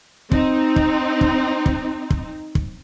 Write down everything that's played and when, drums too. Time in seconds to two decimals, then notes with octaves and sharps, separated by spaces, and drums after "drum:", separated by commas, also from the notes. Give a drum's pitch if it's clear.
0.32 C4 D#4, drum: kick
0.76 drum: kick
1.21 drum: kick
1.66 drum: kick
2.10 drum: kick
2.55 drum: kick